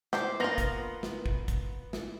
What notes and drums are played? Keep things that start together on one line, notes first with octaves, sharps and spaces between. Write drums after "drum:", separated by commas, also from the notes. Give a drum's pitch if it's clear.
G4 C5, drum: snare
A#3 B3 F4 A#6 F7
drum: kick, hi-hat
drum: snare
drum: kick
drum: kick, hi-hat
drum: snare